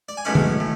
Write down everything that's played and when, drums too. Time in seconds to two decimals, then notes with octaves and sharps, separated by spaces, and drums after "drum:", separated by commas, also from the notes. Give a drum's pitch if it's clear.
0.09 D5
0.17 G#5
0.25 B1 A2 G#3 C#4 B5
0.35 drum: tom D#3
0.60 A2